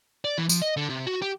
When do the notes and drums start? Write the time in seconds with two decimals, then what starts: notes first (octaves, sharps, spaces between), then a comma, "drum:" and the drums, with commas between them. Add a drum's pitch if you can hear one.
0.25 D5
0.38 E3
0.49 F3, drum: tambourine
0.62 D#5
0.77 D3
0.90 C3
1.07 F#4
1.22 G4